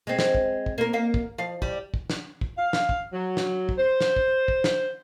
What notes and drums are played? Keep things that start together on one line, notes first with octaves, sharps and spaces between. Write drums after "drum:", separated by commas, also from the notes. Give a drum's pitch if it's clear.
G#3 C4
drum: snare
drum: kick
drum: kick
A#3 A#4
A#3 A#4 F5
drum: kick
F3 F5
G3, drum: kick
drum: kick
drum: snare
drum: kick
F5
drum: snare
drum: kick
F#3
drum: snare
drum: kick
C5
drum: snare
drum: kick
drum: kick
drum: snare